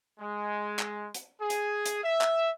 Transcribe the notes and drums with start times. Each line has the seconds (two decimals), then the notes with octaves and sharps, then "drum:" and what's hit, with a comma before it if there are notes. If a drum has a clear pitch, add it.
0.20 G#3
0.79 drum: clap
1.14 drum: hi-hat
1.40 G#4
1.50 drum: hi-hat
1.86 drum: hi-hat
2.03 E5
2.21 drum: clap